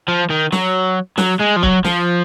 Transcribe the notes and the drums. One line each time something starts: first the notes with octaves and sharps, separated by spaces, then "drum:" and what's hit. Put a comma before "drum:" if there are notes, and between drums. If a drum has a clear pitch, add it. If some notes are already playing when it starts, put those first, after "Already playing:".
F3
D#3
F#3, drum: snare
F#3, drum: snare
G#3
F3
F#3, drum: kick
F3, drum: snare